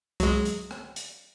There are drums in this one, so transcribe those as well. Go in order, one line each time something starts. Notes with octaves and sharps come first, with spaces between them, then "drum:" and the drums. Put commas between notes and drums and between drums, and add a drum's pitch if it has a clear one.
F#3 G#3, drum: kick C2, hi-hat
drum: hi-hat
drum: rim click
drum: hi-hat